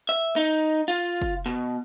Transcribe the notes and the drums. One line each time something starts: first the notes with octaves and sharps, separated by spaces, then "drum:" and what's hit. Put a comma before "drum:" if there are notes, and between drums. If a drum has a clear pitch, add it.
E5, drum: hi-hat
D#4
F4
drum: kick
B2